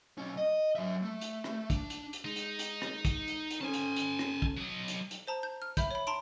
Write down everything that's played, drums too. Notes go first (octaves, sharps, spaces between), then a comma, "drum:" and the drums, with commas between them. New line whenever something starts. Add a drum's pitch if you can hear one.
B1 C#4
D#5
F#3 E5
A3
drum: hi-hat
drum: rim click
D4, drum: kick, hi-hat
drum: hi-hat
drum: hi-hat
G#3 D#4
drum: hi-hat
drum: hi-hat
drum: rim click
drum: kick, hi-hat
drum: hi-hat
drum: hi-hat
C#4 A4 C5 G#5 A5
drum: hi-hat
drum: hi-hat
drum: rim click
drum: kick
F#3 D#5
drum: hi-hat
drum: hi-hat
C5 A5 A#5
G6
F6
E5 B5 G6, drum: kick, hi-hat
C#5 B5
A5 A#5 C6 D7